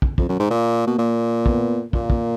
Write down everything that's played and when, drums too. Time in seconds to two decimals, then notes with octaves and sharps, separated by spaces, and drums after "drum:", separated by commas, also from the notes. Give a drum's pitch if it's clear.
0.02 drum: kick
0.18 F2, drum: kick
0.29 F#2
0.40 G#2
0.49 A#2 A#3
0.87 B2
0.98 A#2
1.46 B3, drum: kick
1.93 A#2 A#3, drum: kick
2.10 drum: kick